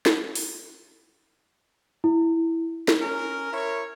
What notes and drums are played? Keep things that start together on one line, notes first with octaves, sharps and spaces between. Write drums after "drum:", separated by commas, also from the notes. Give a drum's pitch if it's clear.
drum: snare
drum: open hi-hat
E4
drum: snare
C#4 A#4
E4 A#4 C#5